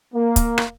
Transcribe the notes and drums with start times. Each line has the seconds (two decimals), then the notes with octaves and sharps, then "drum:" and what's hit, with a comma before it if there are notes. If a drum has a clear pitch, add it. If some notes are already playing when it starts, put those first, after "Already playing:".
0.14 A#3
0.36 drum: kick, hi-hat
0.58 drum: rim click